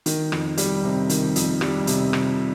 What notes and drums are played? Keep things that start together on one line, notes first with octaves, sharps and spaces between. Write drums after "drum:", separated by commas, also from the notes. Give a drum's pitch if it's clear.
D#3, drum: hi-hat
F2, drum: rim click
G3, drum: hi-hat
C3
D#3, drum: hi-hat
F2, drum: hi-hat
G3, drum: rim click
C3, drum: hi-hat
drum: rim click